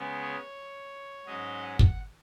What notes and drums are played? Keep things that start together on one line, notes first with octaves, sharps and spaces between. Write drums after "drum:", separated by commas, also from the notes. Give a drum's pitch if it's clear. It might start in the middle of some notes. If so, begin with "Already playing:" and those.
Already playing: C#3 G#3 B3
C#5
G#2 F#3 C#4 D#5
F#5
drum: kick